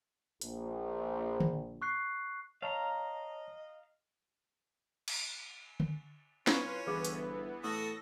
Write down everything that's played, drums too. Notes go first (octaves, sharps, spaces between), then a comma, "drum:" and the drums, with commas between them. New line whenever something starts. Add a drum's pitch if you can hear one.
A#1, drum: hi-hat
drum: tom D3
C#6 F#6 C7
C#5 D#5 F5 A5 A#5
drum: cymbal
drum: tom D3
C2 C#4 E4 F4 B4 C#5, drum: snare
G1 E3 B3 G#4 B4
drum: hi-hat
A2 F#4 A4 D#6 A#6